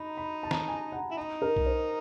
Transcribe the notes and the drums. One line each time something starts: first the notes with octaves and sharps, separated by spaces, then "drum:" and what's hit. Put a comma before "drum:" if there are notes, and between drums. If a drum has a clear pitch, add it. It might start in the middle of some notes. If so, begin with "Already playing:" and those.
Already playing: D#4 A#5 B5
B5
A5
A#5, drum: snare
A5
G#5
F#5
E4
D#4
A#4
drum: kick B1
C5